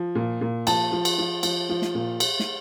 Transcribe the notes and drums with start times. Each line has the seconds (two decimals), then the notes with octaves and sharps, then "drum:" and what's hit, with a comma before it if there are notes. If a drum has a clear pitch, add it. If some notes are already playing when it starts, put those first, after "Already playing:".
Already playing: F3
0.15 A#2
0.41 A#2
0.67 F3 A5, drum: cymbal
0.92 F3
1.05 drum: cymbal
1.18 F3
1.43 F3, drum: cymbal
1.69 F3
1.82 drum: snare
1.95 A#2
2.20 drum: cymbal
2.40 drum: snare